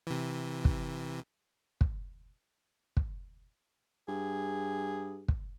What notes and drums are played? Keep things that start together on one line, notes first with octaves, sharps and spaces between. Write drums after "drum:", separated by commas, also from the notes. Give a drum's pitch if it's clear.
C3 E3
drum: kick
drum: kick
drum: kick
G2 G#4
drum: kick